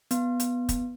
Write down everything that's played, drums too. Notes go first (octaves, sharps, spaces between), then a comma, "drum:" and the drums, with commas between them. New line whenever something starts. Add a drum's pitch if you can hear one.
B3, drum: hi-hat
drum: hi-hat
drum: kick, hi-hat